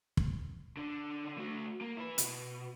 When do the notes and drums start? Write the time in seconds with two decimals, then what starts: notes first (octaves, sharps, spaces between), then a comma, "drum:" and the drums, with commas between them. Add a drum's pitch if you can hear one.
0.17 drum: kick
0.77 D3 D4
1.38 A3 F#4
1.81 A#3
1.97 E4 B4
2.18 B2, drum: hi-hat